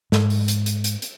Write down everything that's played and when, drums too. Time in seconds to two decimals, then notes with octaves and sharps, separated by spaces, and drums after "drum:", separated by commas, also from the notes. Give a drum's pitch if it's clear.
0.12 G#2, drum: snare
0.30 drum: open hi-hat
0.48 drum: hi-hat
0.66 drum: hi-hat
0.84 drum: hi-hat
1.02 drum: hi-hat